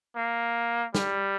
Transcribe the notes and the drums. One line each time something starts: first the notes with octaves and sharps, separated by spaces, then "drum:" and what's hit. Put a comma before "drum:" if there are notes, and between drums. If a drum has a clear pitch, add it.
A#3
G3, drum: snare